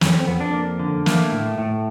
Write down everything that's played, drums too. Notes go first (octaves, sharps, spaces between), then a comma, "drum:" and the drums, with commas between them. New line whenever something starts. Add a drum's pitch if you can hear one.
F2 C#4, drum: snare
C4
F2 B3
D4
A#3
D3
A3 A#3, drum: snare
A2
A2